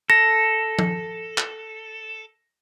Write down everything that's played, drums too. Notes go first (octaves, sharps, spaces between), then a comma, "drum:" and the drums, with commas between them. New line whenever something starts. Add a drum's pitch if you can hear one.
A4 A#6
drum: tom F3
drum: clap